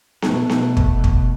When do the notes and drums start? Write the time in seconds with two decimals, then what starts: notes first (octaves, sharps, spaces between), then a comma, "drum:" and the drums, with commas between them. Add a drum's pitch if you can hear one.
0.22 B2 A3, drum: snare B3
0.49 drum: snare B3
0.77 drum: kick
1.04 drum: kick